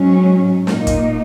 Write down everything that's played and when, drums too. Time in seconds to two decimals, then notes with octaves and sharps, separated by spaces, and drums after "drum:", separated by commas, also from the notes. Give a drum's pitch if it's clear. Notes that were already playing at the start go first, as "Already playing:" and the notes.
Already playing: G#2 F#3 C#4
0.67 A#2 A#3 D#4, drum: snare
0.87 drum: kick, hi-hat